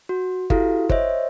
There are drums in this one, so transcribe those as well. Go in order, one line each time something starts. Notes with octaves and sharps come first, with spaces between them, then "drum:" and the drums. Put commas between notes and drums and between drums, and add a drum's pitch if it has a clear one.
F#4
E4 F#4 G4 A4 F5, drum: kick G1
C5 C#5 D#5 E5, drum: kick G1